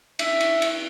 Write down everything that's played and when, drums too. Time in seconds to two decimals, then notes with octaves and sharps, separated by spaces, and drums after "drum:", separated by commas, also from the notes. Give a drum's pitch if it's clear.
0.19 E5, drum: cymbal
0.40 drum: cymbal
0.62 drum: cymbal